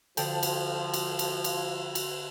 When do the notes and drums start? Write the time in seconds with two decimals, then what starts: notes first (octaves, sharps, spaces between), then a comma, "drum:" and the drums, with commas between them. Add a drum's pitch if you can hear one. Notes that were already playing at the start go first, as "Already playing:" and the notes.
0.17 D3 F3 A4 G5 A5, drum: cymbal
0.43 drum: cymbal
0.94 drum: cymbal
1.19 drum: cymbal
1.44 drum: cymbal
1.95 drum: cymbal